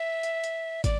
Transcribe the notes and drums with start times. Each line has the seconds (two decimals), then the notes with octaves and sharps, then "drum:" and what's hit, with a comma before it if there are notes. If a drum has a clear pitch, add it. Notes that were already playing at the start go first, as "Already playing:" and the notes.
Already playing: E5
0.23 drum: hi-hat
0.44 drum: hi-hat
0.84 D5, drum: kick, hi-hat